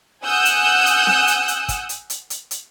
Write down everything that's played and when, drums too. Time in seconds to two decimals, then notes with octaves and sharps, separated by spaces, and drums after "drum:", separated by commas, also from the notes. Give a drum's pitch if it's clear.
0.25 F#5 G#5 D#6 E6 F#6 G6
0.45 drum: hi-hat
0.86 drum: hi-hat
1.07 drum: snare C4
1.27 drum: hi-hat
1.48 drum: hi-hat
1.69 drum: kick, hi-hat
1.89 drum: hi-hat
2.10 drum: hi-hat
2.30 drum: hi-hat
2.51 drum: hi-hat